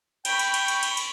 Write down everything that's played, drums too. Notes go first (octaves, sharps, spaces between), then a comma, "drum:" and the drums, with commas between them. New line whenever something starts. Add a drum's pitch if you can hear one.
G5 B5 C#6, drum: cymbal
drum: cymbal
drum: cymbal
drum: cymbal
drum: cymbal
drum: cymbal